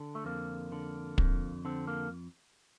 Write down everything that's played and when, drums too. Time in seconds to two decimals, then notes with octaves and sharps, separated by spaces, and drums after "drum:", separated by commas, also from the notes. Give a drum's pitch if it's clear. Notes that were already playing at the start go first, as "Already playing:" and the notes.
Already playing: D3
0.15 A3
0.25 F2 A#3
0.72 D3
1.18 F2, drum: kick
1.65 D3 C4
1.87 A#3